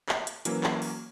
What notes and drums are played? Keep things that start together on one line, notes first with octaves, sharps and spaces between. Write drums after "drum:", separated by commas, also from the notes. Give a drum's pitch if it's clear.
drum: clap
drum: hi-hat
E3 F#3 A#3 C#4, drum: hi-hat
drum: clap
drum: open hi-hat